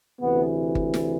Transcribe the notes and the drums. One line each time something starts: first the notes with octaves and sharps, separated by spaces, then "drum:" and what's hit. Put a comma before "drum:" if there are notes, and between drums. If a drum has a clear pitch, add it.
D2 C3 E3 B3
drum: kick G1
drum: snare